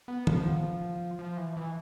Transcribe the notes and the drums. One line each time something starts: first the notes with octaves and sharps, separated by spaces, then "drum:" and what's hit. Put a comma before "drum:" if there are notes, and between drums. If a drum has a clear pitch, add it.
B3
F3, drum: tom
F3
E3
E3